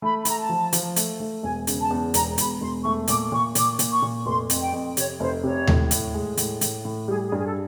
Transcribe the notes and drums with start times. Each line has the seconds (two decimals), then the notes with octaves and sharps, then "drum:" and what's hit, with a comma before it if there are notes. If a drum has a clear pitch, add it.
0.02 A3 B5
0.20 B5
0.25 A3 A#5, drum: hi-hat
0.37 A5
0.49 F3
0.73 F3, drum: hi-hat
0.96 A3, drum: hi-hat
1.20 A3
1.43 E1 G#5
1.67 C#3, drum: hi-hat
1.79 A5
1.90 E2
2.14 E1 A#5, drum: hi-hat
2.38 E1 B5, drum: hi-hat
2.61 E1 C6
2.84 A3 C#6
3.07 A#2 D6, drum: hi-hat
3.32 A#2 C#6
3.55 A#2 D6, drum: hi-hat
3.79 A#2, drum: hi-hat
3.91 C#6
4.02 A#2
4.26 F1 C6
4.50 F2, drum: hi-hat
4.61 G5
4.73 F2
4.97 C3 C#5, drum: hi-hat
5.20 F1 C5
5.43 C3 C#5
5.67 A2, drum: tom D#2
5.91 A2, drum: hi-hat
6.14 G#3
6.37 A2, drum: hi-hat
6.61 A2, drum: hi-hat
6.85 A2
7.08 G3 G#4
7.25 G#4
7.32 G2
7.38 G#4
7.44 A4